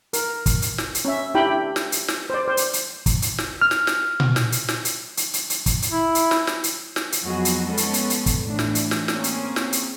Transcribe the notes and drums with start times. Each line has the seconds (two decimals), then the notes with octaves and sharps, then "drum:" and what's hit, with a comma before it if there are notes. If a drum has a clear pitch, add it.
0.13 A#4, drum: hi-hat
0.46 drum: kick, hi-hat
0.62 drum: hi-hat
0.78 drum: snare
0.95 drum: hi-hat
1.05 C#4 E5
1.34 D4 E4 G4 G5 B5
1.76 drum: snare
1.92 drum: hi-hat
2.08 drum: snare
2.30 C5 D5
2.48 C5
2.57 drum: hi-hat
2.73 drum: hi-hat
3.06 drum: kick, hi-hat
3.22 drum: hi-hat
3.38 drum: snare
3.61 F6
3.71 drum: snare
3.87 drum: snare
4.20 drum: tom A#2
4.36 drum: snare
4.52 drum: hi-hat
4.68 drum: snare
4.85 drum: hi-hat
5.17 drum: hi-hat
5.34 drum: hi-hat
5.50 drum: hi-hat
5.66 drum: kick, hi-hat
5.82 drum: hi-hat
5.92 E4
6.15 drum: hi-hat
6.31 drum: snare
6.47 drum: snare
6.64 drum: hi-hat
6.96 drum: snare
7.12 drum: hi-hat
7.22 F2 F#3 B3 F#4 G#4 D#5
7.45 drum: hi-hat
7.65 G#3 B3 C#4 A4
7.77 drum: hi-hat
7.94 drum: hi-hat
8.10 drum: hi-hat
8.26 drum: kick, hi-hat
8.46 A2 E3 D4
8.59 drum: snare
8.75 drum: hi-hat
8.91 drum: snare
9.08 A#3 C4 C#4 G#4, drum: snare
9.24 drum: hi-hat
9.56 drum: snare
9.72 drum: hi-hat